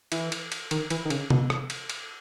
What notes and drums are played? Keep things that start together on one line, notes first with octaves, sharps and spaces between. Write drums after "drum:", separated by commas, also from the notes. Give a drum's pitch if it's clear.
E3, drum: cymbal
drum: cymbal
drum: cymbal
D#3, drum: cymbal
E3, drum: cymbal
D#3
C#3, drum: cymbal
B2, drum: tom C3
drum: rim click
drum: cymbal
drum: cymbal